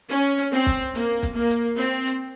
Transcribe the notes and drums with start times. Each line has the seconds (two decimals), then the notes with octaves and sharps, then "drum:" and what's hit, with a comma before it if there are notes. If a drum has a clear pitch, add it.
0.11 C#4, drum: hi-hat
0.38 drum: hi-hat
0.53 C4
0.66 drum: kick, hi-hat
0.95 A#3, drum: hi-hat
1.22 drum: kick, hi-hat
1.36 A#3
1.51 drum: hi-hat
1.79 C4
2.07 drum: hi-hat